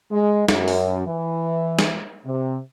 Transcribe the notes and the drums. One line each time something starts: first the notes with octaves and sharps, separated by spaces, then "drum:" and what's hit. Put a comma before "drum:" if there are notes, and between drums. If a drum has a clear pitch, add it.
G#3
F#2, drum: snare
drum: open hi-hat
E3
drum: snare
C3